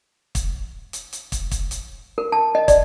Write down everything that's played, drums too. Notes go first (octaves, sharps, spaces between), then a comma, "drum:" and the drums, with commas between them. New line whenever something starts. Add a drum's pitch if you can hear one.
drum: kick, hi-hat
drum: hi-hat
drum: hi-hat
drum: kick, hi-hat
drum: kick, hi-hat
drum: hi-hat
A#4
A5
D#5
D5, drum: kick, hi-hat